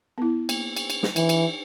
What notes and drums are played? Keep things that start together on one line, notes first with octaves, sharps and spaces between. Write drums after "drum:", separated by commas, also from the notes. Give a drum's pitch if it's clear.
B3 E4
A#3, drum: cymbal
drum: cymbal
drum: cymbal
drum: snare
E3, drum: cymbal
drum: cymbal